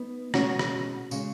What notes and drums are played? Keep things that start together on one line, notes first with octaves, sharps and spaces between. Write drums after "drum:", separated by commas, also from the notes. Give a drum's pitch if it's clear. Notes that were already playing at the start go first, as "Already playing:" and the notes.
Already playing: B3 D#4
B2 G#3 C#4 F#4, drum: rim click
drum: rim click
C#3 G#3, drum: tambourine